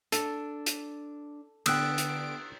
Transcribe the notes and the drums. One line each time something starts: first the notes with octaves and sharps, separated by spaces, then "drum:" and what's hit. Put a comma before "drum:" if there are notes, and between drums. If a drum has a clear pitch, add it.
D4 A4, drum: hi-hat
drum: hi-hat
D3 B3 G5 D#6 E6 F#6 D7, drum: cymbal
drum: hi-hat